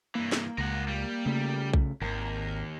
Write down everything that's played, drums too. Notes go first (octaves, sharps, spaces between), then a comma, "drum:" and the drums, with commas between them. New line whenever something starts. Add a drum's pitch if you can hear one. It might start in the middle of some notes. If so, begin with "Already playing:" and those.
G2 E3 A#3
drum: snare
C#2 A#4 F#5
G3
C#3 A3
drum: kick B1
G#1 D#2 A#4